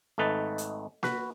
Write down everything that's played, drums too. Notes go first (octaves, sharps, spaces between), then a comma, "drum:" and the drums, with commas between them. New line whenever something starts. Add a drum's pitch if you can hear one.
G#1 A3 D#4 B4 A5
drum: hi-hat
F#4 B4, drum: snare A#3